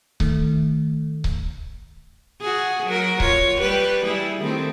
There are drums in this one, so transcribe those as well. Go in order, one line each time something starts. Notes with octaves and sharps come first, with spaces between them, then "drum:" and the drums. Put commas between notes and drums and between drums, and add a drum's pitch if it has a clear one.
D#3 A3, drum: kick C#1
drum: kick C#1
F#4 G#4
F#3 A#4
F4 C#5, drum: kick C#1
G3 G4 B4
G3 E4 G#4
D#3 A3 C4